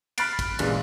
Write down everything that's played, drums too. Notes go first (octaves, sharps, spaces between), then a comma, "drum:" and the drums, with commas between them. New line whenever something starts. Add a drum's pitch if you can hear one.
B5 F6 F#6 A6 C7 D7, drum: cymbal
drum: kick A1, cymbal
A#1 A#2 C#3 E3 G#3, drum: cymbal